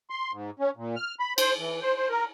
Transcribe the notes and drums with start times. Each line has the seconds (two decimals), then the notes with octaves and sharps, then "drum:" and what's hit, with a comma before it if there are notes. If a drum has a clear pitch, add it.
0.10 C6
0.32 G#2
0.59 C#4
0.77 A#2
0.96 F6
1.20 B5
1.38 C5, drum: cymbal
1.59 E3
1.82 C5
1.96 C5
2.09 A#4